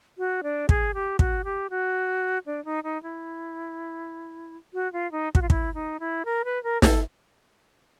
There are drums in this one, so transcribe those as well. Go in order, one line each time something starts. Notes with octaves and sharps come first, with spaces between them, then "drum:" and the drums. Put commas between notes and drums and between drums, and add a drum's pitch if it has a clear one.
F#4
D4
G#4, drum: kick
G4
F#4, drum: kick
G4
F#4
D4
D#4
D#4
E4
F#4
F4
D#4
F#4, drum: kick
F4
E4, drum: kick
D#4
E4
A#4
B4
A#4
A4, drum: snare